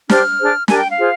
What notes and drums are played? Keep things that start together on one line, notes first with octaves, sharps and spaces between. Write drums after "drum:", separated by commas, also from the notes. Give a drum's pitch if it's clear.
D4 G4 C5 F6, drum: snare
D4 G#4 C5
D4 G4 A#4 G#5, drum: snare
G5
F5
F4 G#4 C5